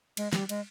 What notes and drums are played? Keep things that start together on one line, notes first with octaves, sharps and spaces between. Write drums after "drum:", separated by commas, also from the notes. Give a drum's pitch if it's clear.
G#3, drum: cymbal
G3, drum: snare
G#3, drum: cymbal